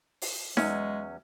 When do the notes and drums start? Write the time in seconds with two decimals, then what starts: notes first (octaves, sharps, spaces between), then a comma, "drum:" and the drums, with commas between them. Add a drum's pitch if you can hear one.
0.22 drum: open hi-hat
0.57 E2 F#3 G#3 C#4, drum: snare D#4